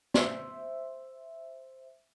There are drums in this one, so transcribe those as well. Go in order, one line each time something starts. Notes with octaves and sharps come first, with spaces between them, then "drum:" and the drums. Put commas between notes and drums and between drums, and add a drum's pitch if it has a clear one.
C5 E5, drum: snare